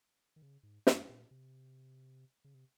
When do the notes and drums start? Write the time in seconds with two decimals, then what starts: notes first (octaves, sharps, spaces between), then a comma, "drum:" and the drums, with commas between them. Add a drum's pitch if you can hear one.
0.36 D#3
0.42 C#3
0.63 G#2
0.87 F#2, drum: snare
1.09 A#2
1.31 C3
2.44 C#3
2.54 C3